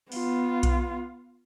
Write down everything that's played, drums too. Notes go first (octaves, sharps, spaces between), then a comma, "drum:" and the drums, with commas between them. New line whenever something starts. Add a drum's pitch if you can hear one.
B3 F4, drum: open hi-hat
drum: kick B1, hi-hat